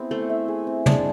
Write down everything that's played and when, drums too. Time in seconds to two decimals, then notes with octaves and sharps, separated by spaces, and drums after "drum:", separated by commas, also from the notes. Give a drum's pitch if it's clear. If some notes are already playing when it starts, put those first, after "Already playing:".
Already playing: B3 C4 E4 G#4
0.11 A3 C5
0.29 E5
0.48 G#4
0.67 C4
0.86 G#3 D4, drum: tom